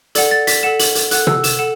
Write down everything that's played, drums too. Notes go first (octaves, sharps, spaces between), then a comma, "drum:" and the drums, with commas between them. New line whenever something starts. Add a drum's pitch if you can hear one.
A4 D5 F#5, drum: hi-hat
A6
B6, drum: hi-hat
A4 F#5 E7
F#7, drum: hi-hat
drum: hi-hat
A4 F#5 F#6, drum: hi-hat
E6, drum: tom
E7, drum: hi-hat
A4 F#5 E7